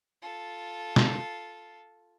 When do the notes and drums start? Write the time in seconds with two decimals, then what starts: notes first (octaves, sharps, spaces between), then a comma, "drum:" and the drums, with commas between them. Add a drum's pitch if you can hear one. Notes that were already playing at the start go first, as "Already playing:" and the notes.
0.22 F4 A4
0.96 drum: snare